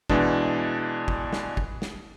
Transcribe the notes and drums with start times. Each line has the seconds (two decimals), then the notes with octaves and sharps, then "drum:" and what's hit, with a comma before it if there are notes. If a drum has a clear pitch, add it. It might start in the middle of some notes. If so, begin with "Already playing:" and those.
0.10 B2 E3 G#3 D4, drum: kick
1.08 drum: kick
1.33 drum: snare
1.57 drum: kick
1.82 drum: snare